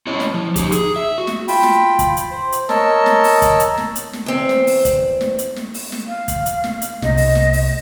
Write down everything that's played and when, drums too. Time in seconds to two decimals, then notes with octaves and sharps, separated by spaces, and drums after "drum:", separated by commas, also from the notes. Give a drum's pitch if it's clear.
0.07 C#4 E4 C#5 D#5
0.20 drum: snare
0.34 F3
0.56 D#4 G4, drum: kick, hi-hat
0.72 G#4, drum: hi-hat
0.96 E5
1.18 F#4
1.27 drum: snare
1.48 F4 G5 B5, drum: open hi-hat
1.63 drum: snare
1.99 drum: kick, hi-hat
2.17 drum: hi-hat
2.31 C5
2.52 drum: hi-hat
2.69 A#4 C#5 D#5 A5 E6, drum: snare
3.06 drum: snare
3.24 drum: open hi-hat
3.42 drum: kick, hi-hat
3.60 drum: hi-hat
3.78 drum: snare
3.95 drum: hi-hat
4.13 drum: snare
4.26 E2 C4
4.49 drum: snare
4.67 drum: open hi-hat
4.85 drum: kick, hi-hat
5.21 drum: snare
5.38 drum: hi-hat
5.56 drum: snare
5.74 drum: open hi-hat
5.92 drum: snare
6.06 F5
6.28 drum: kick, hi-hat
6.46 drum: hi-hat
6.64 drum: snare
6.82 drum: hi-hat
7.02 C2 C3 D#5, drum: snare
7.17 drum: open hi-hat
7.35 drum: snare
7.53 drum: open hi-hat